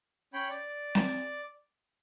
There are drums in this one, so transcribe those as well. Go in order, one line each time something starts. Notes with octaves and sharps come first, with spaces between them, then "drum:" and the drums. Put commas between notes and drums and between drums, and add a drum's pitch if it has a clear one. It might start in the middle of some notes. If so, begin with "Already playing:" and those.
C#4 C#5 G5 B5
D5
drum: snare C4